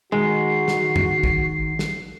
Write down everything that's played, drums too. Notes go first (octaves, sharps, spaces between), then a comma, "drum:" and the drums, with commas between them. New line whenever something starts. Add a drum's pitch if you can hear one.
D#3 G#3 F#4 C7
drum: snare
drum: tom F2
drum: kick
drum: snare